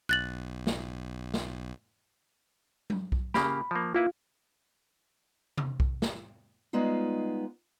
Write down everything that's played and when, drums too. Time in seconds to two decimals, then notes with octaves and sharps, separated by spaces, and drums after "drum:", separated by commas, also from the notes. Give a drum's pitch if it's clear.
0.09 B1 F#6 A6 F#7
0.67 drum: snare
1.34 drum: snare
2.90 drum: tom F#3
3.12 drum: kick B1
3.34 C#3 A#3 G4 B5, drum: snare
3.71 F3 A#3
3.95 A#3 E4 F4 B4 F5
5.57 drum: tom C3
5.80 drum: kick B1
6.02 drum: snare
6.73 G3 G#3 B3 D#4 F4